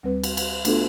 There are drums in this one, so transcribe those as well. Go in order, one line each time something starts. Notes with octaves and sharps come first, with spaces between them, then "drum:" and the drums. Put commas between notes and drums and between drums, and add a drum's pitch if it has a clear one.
D2 G3 C4 B4
drum: cymbal
drum: cymbal
A3 B3 D4 F4 A4, drum: cymbal